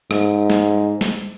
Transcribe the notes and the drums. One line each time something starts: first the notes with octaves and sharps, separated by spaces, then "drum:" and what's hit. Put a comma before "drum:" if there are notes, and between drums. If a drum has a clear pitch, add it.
G#2, drum: rim click
drum: snare
drum: snare